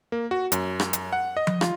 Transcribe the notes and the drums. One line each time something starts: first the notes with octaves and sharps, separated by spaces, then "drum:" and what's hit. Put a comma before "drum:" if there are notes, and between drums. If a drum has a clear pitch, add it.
A#3
F#4
F#2, drum: hi-hat
drum: rim click
drum: hi-hat
F#5
D#5
drum: tom F3
F4, drum: rim click